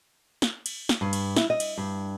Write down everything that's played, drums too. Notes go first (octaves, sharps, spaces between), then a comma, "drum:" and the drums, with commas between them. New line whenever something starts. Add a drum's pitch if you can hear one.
drum: snare
drum: cymbal
drum: snare
G2
drum: cymbal
E4, drum: snare
D#5
drum: cymbal
G2